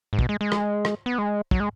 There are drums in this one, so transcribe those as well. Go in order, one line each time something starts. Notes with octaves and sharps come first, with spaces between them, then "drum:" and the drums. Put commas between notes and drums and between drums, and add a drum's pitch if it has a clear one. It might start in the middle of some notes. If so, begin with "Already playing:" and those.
G#2
B2, drum: kick
G#3
G#3
drum: rim click
drum: rim click
B3
G#3
F#3, drum: kick
G#3